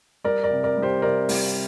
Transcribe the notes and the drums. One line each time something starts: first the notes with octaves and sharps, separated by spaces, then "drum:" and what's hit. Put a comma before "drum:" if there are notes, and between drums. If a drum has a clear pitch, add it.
G3 A#4 D5
A#4 D5
C3
A#4 D5
G3
G4 C5
C3 A#4 D5
G3, drum: open hi-hat